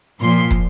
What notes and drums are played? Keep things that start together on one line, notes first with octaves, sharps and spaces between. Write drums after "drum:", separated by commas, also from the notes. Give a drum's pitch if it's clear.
A#2 F3 C6
drum: kick